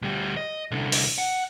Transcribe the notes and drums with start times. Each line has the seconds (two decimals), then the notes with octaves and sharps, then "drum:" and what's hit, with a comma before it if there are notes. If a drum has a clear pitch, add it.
0.02 D2 G3
0.37 D#5
0.72 C2 D3
0.92 drum: open hi-hat
1.18 F#5